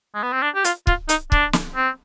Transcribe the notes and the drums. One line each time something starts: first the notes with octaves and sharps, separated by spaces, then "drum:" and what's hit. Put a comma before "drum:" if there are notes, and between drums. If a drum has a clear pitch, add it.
G#3
B3
C4
D4
G4
F4, drum: hi-hat
F4, drum: kick
D#4, drum: hi-hat
D4, drum: kick
drum: snare
C4